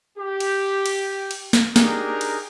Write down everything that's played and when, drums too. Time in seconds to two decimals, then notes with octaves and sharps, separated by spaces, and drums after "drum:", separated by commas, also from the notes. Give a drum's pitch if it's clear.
0.18 G4
0.40 drum: cymbal
0.86 drum: cymbal
1.31 drum: cymbal
1.53 drum: snare
1.76 D4 D#4 G4 G#4 A#4, drum: snare
2.21 drum: cymbal